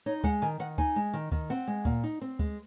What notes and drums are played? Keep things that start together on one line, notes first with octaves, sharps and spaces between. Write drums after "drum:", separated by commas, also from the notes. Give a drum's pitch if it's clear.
D#4 C#5
G#3 F#5, drum: kick D2
D#3 G#5
D#3 F#5
D#4 G#5, drum: kick D2
G#3
D#3
D#3, drum: kick D2
C4 F#5
G#3
A#2, drum: kick D2
D#4
C4
G#3, drum: kick D2